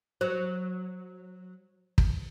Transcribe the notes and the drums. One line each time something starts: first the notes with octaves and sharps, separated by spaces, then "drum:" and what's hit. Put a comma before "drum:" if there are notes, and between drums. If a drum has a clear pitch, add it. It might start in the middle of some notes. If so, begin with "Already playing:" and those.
F#3 C5
drum: kick